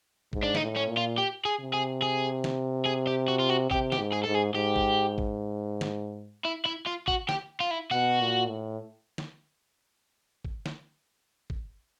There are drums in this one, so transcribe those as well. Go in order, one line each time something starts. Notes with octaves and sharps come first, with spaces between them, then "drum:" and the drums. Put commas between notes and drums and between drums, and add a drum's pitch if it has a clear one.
G#2, drum: kick
D4
D#4, drum: snare
A2
C#4
A#2
F4
G4
G#4
C3
G#4
G#4
drum: snare
G#4
G4
F#4
F4
F#4
C3 G4, drum: kick
G4, drum: snare
G#2
G#4
G#2 A4
G#4
G#2 G4
drum: kick
drum: kick
drum: snare
E4
E4
F4
F#4, drum: kick
G4, drum: snare
F4
E4
B2 F#4
A#2
A2
drum: snare
drum: kick
drum: snare
drum: kick